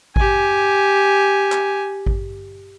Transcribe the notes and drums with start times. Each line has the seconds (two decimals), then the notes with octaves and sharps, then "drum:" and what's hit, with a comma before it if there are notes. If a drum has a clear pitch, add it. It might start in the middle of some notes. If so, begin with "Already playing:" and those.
0.16 G4 G#5, drum: kick G#1
1.52 drum: clap
2.06 drum: kick G#1